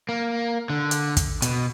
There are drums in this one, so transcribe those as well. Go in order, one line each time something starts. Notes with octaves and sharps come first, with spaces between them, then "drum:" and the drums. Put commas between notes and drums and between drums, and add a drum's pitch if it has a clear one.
A#3
D3
drum: hi-hat
drum: kick, hi-hat
B2, drum: hi-hat